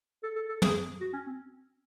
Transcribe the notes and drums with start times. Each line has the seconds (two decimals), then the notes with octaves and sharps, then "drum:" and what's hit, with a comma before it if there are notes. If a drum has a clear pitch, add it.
0.23 A4
0.36 A4
0.49 A4
0.62 G#4, drum: tom
1.01 F#4
1.13 C#4
1.27 C4